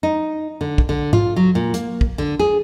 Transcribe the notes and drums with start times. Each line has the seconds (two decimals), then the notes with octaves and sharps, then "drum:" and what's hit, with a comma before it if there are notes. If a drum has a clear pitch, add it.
0.03 D#4
0.61 D3
0.78 drum: kick
0.89 D3
1.13 F4, drum: tom G#2
1.36 F#3
1.55 A#2
1.74 A#3, drum: hi-hat
2.01 drum: kick
2.18 D3
2.39 G#4